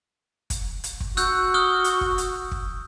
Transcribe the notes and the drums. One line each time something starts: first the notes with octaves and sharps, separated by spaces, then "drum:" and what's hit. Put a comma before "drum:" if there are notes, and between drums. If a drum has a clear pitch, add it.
drum: kick, hi-hat
drum: hi-hat
drum: kick
F#4 E6 F#6 G6, drum: hi-hat
D#6 F6 G7
drum: hi-hat
drum: kick
drum: hi-hat
drum: kick